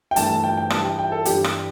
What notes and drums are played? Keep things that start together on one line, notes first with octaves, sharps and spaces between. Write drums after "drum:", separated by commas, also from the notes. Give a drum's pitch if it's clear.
G5
G2 E3 A3 A5, drum: hi-hat
A5
G5
G5
G2 E3 G3 A5, drum: rim click
G5
G5
A4
G2 E3 G3 G4, drum: hi-hat
drum: rim click